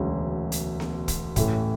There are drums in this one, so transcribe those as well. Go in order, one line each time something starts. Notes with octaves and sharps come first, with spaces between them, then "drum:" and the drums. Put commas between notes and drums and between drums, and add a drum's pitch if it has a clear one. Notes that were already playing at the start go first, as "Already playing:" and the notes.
Already playing: E1 D2 C#3 F#3
drum: hi-hat
drum: snare B3
drum: kick, hi-hat
A1 A2 E3 A3, drum: kick, hi-hat